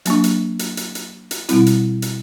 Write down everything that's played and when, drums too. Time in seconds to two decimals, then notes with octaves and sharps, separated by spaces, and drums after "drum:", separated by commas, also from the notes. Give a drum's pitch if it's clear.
0.05 F#3 A#3 D4, drum: hi-hat
0.24 drum: hi-hat
0.59 drum: hi-hat
0.77 drum: hi-hat
0.95 drum: hi-hat
1.31 drum: hi-hat
1.49 B2 G3 C4 E4, drum: hi-hat
1.66 drum: hi-hat
2.02 drum: hi-hat